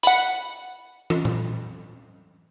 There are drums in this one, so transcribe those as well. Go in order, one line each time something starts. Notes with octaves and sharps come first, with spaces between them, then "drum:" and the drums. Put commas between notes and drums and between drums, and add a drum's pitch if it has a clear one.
F#5 B5, drum: hi-hat
drum: tom
drum: tom A#2